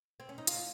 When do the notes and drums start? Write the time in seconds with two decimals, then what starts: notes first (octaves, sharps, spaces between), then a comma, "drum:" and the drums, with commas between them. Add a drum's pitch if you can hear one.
0.20 C4
0.29 C#4
0.38 D#4
0.47 F4, drum: hi-hat